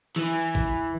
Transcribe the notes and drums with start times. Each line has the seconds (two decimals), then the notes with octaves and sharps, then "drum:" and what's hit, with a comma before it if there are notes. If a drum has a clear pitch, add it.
0.16 E3
0.55 drum: kick A1